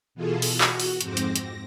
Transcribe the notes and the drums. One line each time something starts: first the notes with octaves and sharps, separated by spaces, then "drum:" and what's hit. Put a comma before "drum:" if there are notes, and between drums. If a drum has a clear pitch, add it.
B2 E3 F4 G#4 A4
drum: open hi-hat
F#4
drum: clap
drum: open hi-hat
F2 G#2 C4 C5 D6 A#6, drum: hi-hat
drum: hi-hat
A#6, drum: hi-hat